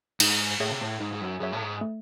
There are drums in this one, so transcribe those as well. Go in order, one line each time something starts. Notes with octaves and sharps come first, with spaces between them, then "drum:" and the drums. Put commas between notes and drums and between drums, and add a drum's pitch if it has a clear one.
G#2 D#4, drum: cymbal
A2 G#4 C#5 E5
C3
A2
G#2 D#4
G#2
F#2
F#2 G#4 C#5 E5
A2
G#2
A3